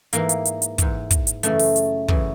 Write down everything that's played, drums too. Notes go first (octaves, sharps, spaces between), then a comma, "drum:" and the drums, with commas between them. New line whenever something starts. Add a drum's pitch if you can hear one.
G#2 E3 A#3, drum: hi-hat
drum: hi-hat
drum: hi-hat
drum: hi-hat
G#2 E3, drum: kick, hi-hat
drum: kick, hi-hat
drum: hi-hat
F#2 C#3 E3 A3, drum: hi-hat
drum: open hi-hat
drum: hi-hat
F#2 C#3 E3, drum: kick